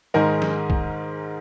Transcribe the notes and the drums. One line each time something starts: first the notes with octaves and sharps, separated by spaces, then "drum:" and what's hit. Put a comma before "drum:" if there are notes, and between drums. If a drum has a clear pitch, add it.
G#2 D#3 G#3 D#4 A#4
drum: snare
drum: kick